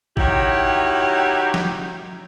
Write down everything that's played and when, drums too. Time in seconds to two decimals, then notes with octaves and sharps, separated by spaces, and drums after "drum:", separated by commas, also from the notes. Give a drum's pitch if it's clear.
0.17 D#3 F#3 E4 G4, drum: kick
1.54 drum: snare